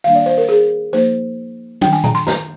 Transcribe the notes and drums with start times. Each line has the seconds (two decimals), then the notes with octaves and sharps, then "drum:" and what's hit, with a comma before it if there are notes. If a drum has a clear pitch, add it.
0.04 D#3 G3 A#3 D4 F5
0.15 D5
0.26 C5
0.37 A#4
0.49 G#4
0.92 F3 A#3 D#4 C5
1.81 D#3 G3 D4 G5, drum: tom
1.93 G#5
2.04 A#5, drum: tom A#2
2.15 C6
2.27 A#5, drum: snare